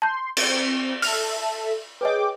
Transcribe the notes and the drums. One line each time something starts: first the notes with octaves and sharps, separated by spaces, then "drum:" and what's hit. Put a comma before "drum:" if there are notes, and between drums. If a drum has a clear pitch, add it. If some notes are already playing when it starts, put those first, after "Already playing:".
A5 C6 G6
C4, drum: cymbal
A4 E5 F6 F7, drum: open hi-hat
G#4 B4 C#5 D#5 G5 D6